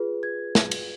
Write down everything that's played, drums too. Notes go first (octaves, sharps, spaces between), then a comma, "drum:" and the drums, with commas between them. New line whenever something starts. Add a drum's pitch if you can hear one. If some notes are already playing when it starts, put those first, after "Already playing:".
Already playing: F4 G#4 B4
G#6
drum: snare
drum: cymbal